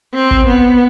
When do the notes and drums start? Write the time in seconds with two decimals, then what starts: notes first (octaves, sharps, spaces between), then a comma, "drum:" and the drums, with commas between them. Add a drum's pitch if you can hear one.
0.14 C4
0.31 drum: kick
0.47 B3